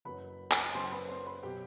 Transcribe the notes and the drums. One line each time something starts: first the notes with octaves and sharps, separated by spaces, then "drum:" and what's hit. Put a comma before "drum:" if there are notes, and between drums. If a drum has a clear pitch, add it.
F#1 F#2 F#3 B4 B5
drum: clap
F#1 F#2 F#3 C5 C6
B4 B5
C5 C6
B4 B5
B2 F#3 G4 G5